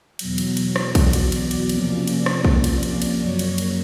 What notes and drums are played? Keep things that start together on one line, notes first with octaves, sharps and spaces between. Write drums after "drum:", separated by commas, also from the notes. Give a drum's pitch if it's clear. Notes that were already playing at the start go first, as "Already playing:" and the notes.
E2 B2 F#3, drum: cymbal
drum: cymbal
drum: cymbal
drum: rim click
D5, drum: kick, cymbal
drum: cymbal
drum: cymbal
drum: cymbal
C3 F3 A#3 C#4, drum: cymbal
drum: cymbal
drum: rim click
D5, drum: kick
drum: cymbal
drum: cymbal
drum: cymbal
F#2 C#3 F#3 A#3 C#5
drum: cymbal
drum: cymbal